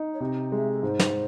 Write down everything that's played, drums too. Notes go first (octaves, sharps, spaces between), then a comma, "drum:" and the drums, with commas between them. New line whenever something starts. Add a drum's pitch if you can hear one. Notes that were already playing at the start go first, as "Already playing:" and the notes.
Already playing: D#4
C#5
C3 D#5
G#3 E5
A4
G#2 C5
drum: snare